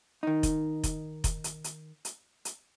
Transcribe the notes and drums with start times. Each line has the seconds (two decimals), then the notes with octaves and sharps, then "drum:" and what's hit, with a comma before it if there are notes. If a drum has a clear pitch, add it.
0.23 D#3 D#4
0.43 drum: kick F1, hi-hat
0.84 drum: kick F1, hi-hat
1.24 drum: kick F1, hi-hat
1.44 drum: hi-hat
1.64 drum: hi-hat
2.05 drum: hi-hat
2.45 drum: hi-hat